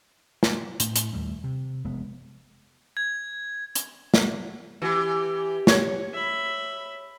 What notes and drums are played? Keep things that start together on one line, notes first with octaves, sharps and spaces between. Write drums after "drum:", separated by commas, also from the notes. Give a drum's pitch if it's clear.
drum: snare
A2, drum: hi-hat
drum: hi-hat
D#2 G3 A3
C3
F1 G#3 B3
G#6
drum: hi-hat
drum: snare
E3 G4
C#5, drum: snare
E5 B5